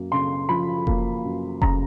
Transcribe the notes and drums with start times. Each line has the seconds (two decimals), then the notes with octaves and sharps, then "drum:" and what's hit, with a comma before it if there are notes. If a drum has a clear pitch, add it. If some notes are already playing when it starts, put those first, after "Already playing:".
Already playing: F#2 A#3
0.12 C#3 C6
0.49 F3 B5
0.87 A#3, drum: kick F1
1.25 F#2
1.62 C#3 A#5, drum: kick F1